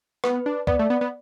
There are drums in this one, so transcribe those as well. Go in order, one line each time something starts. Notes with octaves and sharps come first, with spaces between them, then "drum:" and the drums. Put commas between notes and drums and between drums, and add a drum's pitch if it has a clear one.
B3 B4, drum: rim click
D4
B3 D5, drum: kick C#2
A3
B3
B3